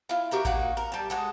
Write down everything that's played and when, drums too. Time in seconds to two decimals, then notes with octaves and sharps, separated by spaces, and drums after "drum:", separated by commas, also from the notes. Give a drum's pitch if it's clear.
0.09 E4 F4
0.31 F#4 G4 A#4 E5
0.45 A#2 A#3 D#4 F#4, drum: kick A1
0.77 A#4
0.92 G3 A5
1.10 G#3 F#4 A4